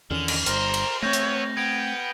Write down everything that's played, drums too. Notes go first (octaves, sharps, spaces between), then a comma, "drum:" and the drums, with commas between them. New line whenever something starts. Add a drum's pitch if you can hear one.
E2 D3 D#3 C#4 F6 F7
drum: cymbal
G1 G2 A#4 C5, drum: hi-hat
drum: cymbal
A3 B3 C4 C#5 E5 G6 A#6
drum: hi-hat
B3 G5 G#6 D7 F7